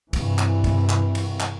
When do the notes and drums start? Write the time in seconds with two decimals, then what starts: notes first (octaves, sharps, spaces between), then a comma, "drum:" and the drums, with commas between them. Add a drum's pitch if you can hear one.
0.13 G2 C3 E3, drum: kick, cymbal
0.39 drum: clap
0.64 drum: kick, cymbal
0.89 drum: clap
1.15 drum: cymbal
1.40 drum: clap